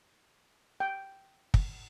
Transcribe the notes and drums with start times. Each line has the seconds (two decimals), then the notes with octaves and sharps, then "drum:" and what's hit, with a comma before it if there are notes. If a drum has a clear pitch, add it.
0.80 G5
1.54 drum: kick